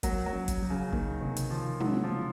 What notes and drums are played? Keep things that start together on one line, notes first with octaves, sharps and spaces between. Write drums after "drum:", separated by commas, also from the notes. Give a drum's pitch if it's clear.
F#3 A#3, drum: kick, hi-hat
F#3
C#4
drum: kick, hi-hat
F#3
C#3
D#3 A#3, drum: kick
C3 D#3
drum: hi-hat
D#3 F3
F#3 G#3, drum: tom
F3
C#3